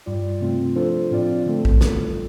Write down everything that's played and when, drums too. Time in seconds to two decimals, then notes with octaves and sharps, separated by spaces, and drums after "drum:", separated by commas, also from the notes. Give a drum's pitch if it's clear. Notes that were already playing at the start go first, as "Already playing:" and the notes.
0.06 G2 G3 F4 D5
0.40 C3 A3 C4 F4
0.75 F3 D4 F4 A4 C5
1.11 A2 F3 C4 F4 D5
1.46 D3 A3 C4 A4
1.65 drum: kick A1
1.81 A2 G3 F4 A4, drum: snare